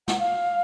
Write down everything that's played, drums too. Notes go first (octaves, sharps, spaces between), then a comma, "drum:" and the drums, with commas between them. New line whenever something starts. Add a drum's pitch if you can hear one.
F#5, drum: snare
F5